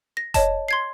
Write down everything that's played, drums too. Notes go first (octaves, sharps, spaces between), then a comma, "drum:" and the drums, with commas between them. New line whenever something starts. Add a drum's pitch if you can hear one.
A#6
C#5 D#5 A5, drum: kick F1, hi-hat
C6 G#6 C7